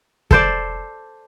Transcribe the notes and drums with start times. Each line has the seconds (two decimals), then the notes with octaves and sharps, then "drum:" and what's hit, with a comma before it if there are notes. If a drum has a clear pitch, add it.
0.31 A4 C5 D5, drum: kick